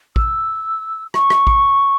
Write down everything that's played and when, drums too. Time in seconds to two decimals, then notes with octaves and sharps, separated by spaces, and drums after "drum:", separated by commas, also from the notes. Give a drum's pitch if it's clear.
0.16 E6, drum: kick A1
1.14 C#6, drum: rim click
1.30 drum: rim click
1.47 drum: kick A1